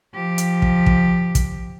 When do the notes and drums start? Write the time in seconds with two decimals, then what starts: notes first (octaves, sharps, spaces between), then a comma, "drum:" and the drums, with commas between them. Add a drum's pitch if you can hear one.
0.14 F3 G4
0.38 drum: hi-hat
0.62 drum: kick
0.86 drum: kick
1.35 drum: kick, hi-hat